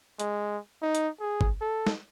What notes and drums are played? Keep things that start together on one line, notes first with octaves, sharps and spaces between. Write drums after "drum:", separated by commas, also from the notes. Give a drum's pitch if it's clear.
G#3, drum: hi-hat
D#4
drum: hi-hat
G#4
drum: kick
A4
drum: snare